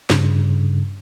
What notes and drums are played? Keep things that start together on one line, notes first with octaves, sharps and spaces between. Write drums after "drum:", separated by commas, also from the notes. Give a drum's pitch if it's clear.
G2 C#3, drum: snare